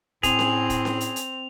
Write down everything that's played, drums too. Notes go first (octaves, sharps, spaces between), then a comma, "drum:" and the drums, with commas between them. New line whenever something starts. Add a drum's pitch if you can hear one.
A2 C4 G#4 F7, drum: kick, hi-hat
drum: snare C#4
drum: kick, hi-hat
drum: snare C#4
drum: hi-hat
drum: hi-hat